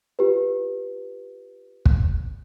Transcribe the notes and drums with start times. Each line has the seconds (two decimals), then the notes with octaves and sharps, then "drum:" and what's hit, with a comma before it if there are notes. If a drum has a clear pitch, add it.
0.19 F4 G4 B4
1.85 drum: kick